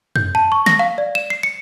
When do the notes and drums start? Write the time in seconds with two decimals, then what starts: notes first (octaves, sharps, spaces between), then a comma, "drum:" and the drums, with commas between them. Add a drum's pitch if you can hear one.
0.16 G6, drum: tom
0.35 A5
0.52 C#6
0.66 A#6, drum: snare
0.79 F5
0.98 D5
1.15 E7
1.30 C7
1.43 C#7